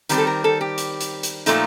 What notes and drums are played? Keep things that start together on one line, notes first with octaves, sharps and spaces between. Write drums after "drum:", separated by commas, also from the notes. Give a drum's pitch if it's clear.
D#3 G3 C4, drum: hi-hat
A4
A#4
A4
G4
drum: hi-hat
drum: hi-hat
drum: hi-hat
A#2 F3 A3 D#4, drum: hi-hat